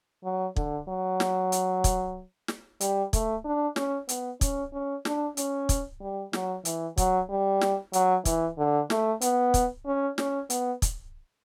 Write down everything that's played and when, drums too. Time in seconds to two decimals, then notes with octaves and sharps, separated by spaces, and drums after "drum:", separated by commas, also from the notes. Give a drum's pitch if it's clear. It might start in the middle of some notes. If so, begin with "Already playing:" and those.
0.24 F#3
0.56 D3, drum: kick
0.88 F#3
1.20 drum: snare
1.52 drum: hi-hat
1.84 drum: kick, hi-hat
2.48 drum: snare
2.80 G3, drum: hi-hat
3.13 A3, drum: kick, hi-hat
3.45 D4
3.76 C#4, drum: snare
4.09 B3, drum: hi-hat
4.41 C#4, drum: kick, hi-hat
4.73 C#4
5.05 D4, drum: snare
5.37 C#4, drum: hi-hat
5.69 drum: kick, hi-hat
6.01 G3
6.33 F#3, drum: snare
6.65 E3, drum: hi-hat
6.98 F#3, drum: kick, hi-hat
7.30 G3
7.61 drum: snare
7.93 F#3, drum: hi-hat
8.25 E3, drum: kick, hi-hat
8.58 D3
8.90 A3, drum: snare
9.21 B3, drum: hi-hat
9.54 drum: kick, hi-hat
9.86 C#4
10.18 C#4, drum: snare
10.50 B3, drum: hi-hat
10.82 drum: kick, hi-hat